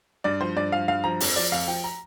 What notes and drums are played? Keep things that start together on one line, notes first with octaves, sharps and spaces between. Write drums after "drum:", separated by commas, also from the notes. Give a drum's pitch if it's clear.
G2 D5
F3 C5
G2 D5
F3 F5
G2 F5
F3 A#5
F2, drum: open hi-hat
F3 D5
F2 F5
F3 G5
A#5